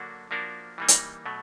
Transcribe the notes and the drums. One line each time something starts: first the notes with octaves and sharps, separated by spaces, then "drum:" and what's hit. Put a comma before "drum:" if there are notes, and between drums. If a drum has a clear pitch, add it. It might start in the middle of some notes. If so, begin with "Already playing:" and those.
Already playing: D3 F#3 A#3 D4 F#4
F3 A#3 D4 F#4 A#4
E3 G3 A#3 D#4
drum: hi-hat
B2 F#3 A3